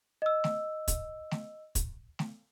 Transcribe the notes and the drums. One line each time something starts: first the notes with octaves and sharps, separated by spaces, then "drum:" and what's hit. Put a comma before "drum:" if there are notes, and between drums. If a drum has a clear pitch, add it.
D#5 E6
drum: snare A3
drum: kick, hi-hat
drum: snare A3
drum: kick, hi-hat
drum: snare A3